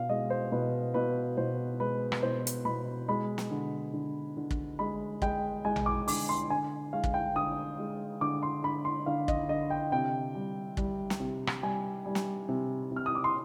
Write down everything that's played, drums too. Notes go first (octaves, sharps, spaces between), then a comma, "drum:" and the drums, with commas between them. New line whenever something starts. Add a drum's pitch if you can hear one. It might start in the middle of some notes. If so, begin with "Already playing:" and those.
Already playing: B2 F5
G#3 D#5
C5
B2 B4
B2 B4
B2 C5
G#3 B4
drum: rim click
B2 C5
drum: hi-hat
B2 B5
G#3 B5
drum: snare
D3
D3
D3
drum: kick
G#3 B5
G#3 G5, drum: kick
G#3 G#5
drum: tom A#1
D6
D3 D6, drum: open hi-hat
C6
D3 G#5
G#3 F5
drum: kick
G5
D3 D#6
G#3
D3 D6
C6
D3 B5
C6
D3 F5
D#5, drum: kick
D3 D#5
G5
C3 G5
G3
G3, drum: kick
drum: snare
C3
drum: rim click
G3 G#5
G3
drum: snare
C3
C3
F6
D#6
D6
C6